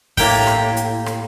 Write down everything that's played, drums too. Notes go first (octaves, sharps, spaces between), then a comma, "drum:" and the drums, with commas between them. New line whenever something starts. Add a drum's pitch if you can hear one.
A2 A#3 G4 G5, drum: kick, open hi-hat
drum: rim click
drum: hi-hat
drum: rim click